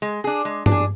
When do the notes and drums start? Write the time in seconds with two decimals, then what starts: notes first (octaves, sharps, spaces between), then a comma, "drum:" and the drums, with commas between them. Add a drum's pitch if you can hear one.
0.02 G#3
0.24 D4 G#4
0.45 G#3
0.66 D4, drum: tom G2
0.71 G#4